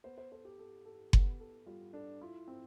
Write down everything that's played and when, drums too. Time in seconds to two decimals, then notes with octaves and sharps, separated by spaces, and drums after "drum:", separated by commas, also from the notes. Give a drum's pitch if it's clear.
0.04 B3 C5
0.18 C5
0.32 A4 C5
0.45 G4
0.59 A4
0.85 A4
1.13 B3, drum: kick F#1
1.40 A4
1.66 G3 F4
1.93 D4 A4
2.21 E4 F4
2.47 C4